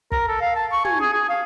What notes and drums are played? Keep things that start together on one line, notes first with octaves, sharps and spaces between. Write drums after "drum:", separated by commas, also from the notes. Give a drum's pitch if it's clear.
A#4, drum: kick
A4
F5
A5
C#6
G#5, drum: tom
G#4
G#4
F5